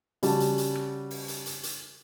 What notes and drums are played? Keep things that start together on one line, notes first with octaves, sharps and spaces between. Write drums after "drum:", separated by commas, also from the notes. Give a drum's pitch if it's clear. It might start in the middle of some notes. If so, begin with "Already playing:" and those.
C#3 G3 F#4 A5, drum: hi-hat
drum: hi-hat
drum: hi-hat
drum: rim click
drum: open hi-hat
drum: hi-hat
drum: hi-hat
drum: hi-hat